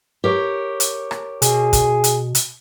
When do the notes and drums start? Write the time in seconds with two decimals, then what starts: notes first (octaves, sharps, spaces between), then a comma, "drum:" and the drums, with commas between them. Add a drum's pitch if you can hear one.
0.24 G4 A#4 C#5
0.80 drum: hi-hat
1.11 drum: rim click
1.42 B2 G#4, drum: hi-hat
1.73 drum: kick, hi-hat
2.04 drum: hi-hat
2.35 drum: hi-hat